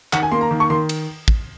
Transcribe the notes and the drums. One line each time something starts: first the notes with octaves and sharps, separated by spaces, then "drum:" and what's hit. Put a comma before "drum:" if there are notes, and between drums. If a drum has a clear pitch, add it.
D#3 F#5, drum: clap
G#5
A#3 C6
A#5
D#3
C#6
D#3 C6
drum: cymbal
drum: kick